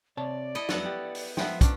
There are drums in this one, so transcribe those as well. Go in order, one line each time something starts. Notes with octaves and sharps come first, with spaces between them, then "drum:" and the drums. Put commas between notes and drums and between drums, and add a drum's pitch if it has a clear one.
C3 C#5 D5 A5
E4 A4 D#5
F2 F#3 B3 A4 F#5, drum: snare
G4
drum: open hi-hat
F3 B3 E5 F#5 G5, drum: snare
C#4 D4, drum: kick, hi-hat